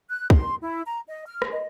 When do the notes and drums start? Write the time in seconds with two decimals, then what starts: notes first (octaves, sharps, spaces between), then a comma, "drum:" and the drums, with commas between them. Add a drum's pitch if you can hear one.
0.09 F#6
0.30 C6, drum: kick
0.61 E4
0.85 A#5
1.08 D#5
1.27 F6
1.42 drum: rim click
1.52 D#5